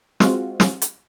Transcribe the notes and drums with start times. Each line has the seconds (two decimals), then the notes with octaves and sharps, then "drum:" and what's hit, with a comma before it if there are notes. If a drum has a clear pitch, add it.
0.20 G#3 C4 F4 F#4, drum: snare
0.60 drum: snare
0.82 drum: hi-hat